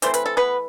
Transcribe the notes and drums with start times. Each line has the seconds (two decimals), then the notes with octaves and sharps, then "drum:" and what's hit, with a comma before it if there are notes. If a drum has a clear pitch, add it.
0.02 E3 A3 C4 C5, drum: hi-hat
0.14 B4, drum: hi-hat
0.26 A4
0.37 B3 B4